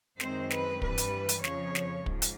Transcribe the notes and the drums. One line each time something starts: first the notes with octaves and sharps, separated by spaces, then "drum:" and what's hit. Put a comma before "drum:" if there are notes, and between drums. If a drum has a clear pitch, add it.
F#2 D#3 G#3 C4 C5, drum: snare
B4, drum: snare
G2 E3 G3 B4, drum: kick
drum: hi-hat
drum: hi-hat
F2 C#3 F3 C#5, drum: snare
drum: snare
G#2 F3, drum: kick
drum: hi-hat